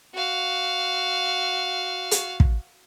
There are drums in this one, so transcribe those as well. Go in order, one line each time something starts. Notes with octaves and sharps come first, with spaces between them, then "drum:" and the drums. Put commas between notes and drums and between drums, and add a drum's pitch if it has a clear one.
F#4 F5
drum: hi-hat
drum: kick